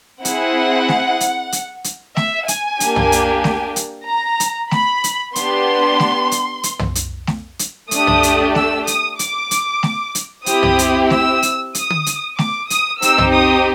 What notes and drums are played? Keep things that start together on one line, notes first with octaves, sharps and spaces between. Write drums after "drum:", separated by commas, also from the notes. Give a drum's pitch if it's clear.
C4 E4 G#4 F#5, drum: hi-hat
drum: snare
drum: hi-hat
drum: hi-hat
drum: hi-hat
E5, drum: snare
G#5, drum: hi-hat
A#3 D4 G4, drum: hi-hat
drum: tom
drum: hi-hat
drum: snare
drum: hi-hat
A#5
drum: hi-hat
B5, drum: snare
drum: hi-hat
B3 D4 G4 C6, drum: hi-hat
drum: snare
drum: hi-hat
drum: hi-hat
drum: tom
drum: hi-hat
drum: snare
drum: hi-hat
A3 D4 G4 D#6, drum: hi-hat
drum: tom
drum: hi-hat
E6, drum: snare
D#6, drum: hi-hat
D6, drum: hi-hat
drum: hi-hat
drum: snare
drum: hi-hat
C4 E4 G4 D#6, drum: hi-hat
drum: tom
drum: hi-hat
E6, drum: snare
drum: hi-hat
D#6, drum: hi-hat
drum: tom
drum: hi-hat
D6, drum: snare
D#6, drum: hi-hat
C4 D#4 G4 E6, drum: hi-hat
drum: tom
D#6